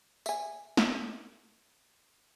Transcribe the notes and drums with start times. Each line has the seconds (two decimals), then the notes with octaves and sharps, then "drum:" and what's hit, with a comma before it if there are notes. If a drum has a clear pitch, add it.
0.26 E5 G#5, drum: tambourine
0.77 drum: snare